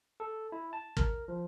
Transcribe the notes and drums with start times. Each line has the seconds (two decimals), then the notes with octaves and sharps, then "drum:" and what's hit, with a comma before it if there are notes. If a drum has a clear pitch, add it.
0.20 A4
0.52 E4
0.73 A5
0.97 A#4, drum: kick
1.28 F3